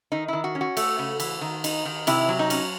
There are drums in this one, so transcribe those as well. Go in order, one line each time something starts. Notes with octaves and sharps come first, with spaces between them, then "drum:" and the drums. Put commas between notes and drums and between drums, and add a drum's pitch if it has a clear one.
D#3 D#4
D#3 E4
F#4
C#4
F#4
A3, drum: cymbal
C#3
E3, drum: cymbal
D#3
D#4, drum: cymbal
D#3
C3 E4, drum: cymbal
F#3
D#4
C#4, drum: cymbal